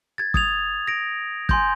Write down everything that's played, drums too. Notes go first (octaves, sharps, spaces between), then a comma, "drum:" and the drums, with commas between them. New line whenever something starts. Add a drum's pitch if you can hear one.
G#6 A6
D#6 G#6 F7, drum: kick
A#6 D7
G#5 C6 G6, drum: kick